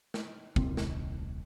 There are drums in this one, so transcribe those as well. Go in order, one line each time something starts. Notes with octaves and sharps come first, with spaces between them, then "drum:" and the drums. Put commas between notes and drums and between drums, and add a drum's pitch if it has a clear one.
drum: snare
D#1 C2 C4, drum: kick
drum: snare